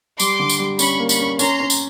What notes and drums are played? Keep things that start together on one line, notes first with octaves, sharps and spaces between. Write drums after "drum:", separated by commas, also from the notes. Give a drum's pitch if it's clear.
G3 C6 D6, drum: tambourine
D3
drum: tambourine
G3
C#4 B5 C#6, drum: tambourine
A#3
B5 C#6, drum: tambourine
C#4
C#4 A#5 C6, drum: tambourine
C#4
drum: tambourine